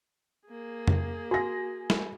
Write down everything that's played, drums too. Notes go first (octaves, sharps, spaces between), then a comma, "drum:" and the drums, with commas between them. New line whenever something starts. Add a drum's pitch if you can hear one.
A#3 G#4
drum: tom F2
F#4 G#5 A#6
drum: snare